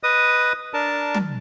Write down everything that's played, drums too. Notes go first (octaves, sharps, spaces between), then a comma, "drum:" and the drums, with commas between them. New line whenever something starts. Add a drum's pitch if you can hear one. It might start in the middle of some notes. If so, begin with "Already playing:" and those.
B4 D#5 D#6
D4 A#4 A5
drum: tom